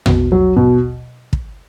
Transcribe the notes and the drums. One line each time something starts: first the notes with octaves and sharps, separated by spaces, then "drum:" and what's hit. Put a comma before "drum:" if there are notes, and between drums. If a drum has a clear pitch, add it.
B2, drum: tom
F#3
B2
drum: kick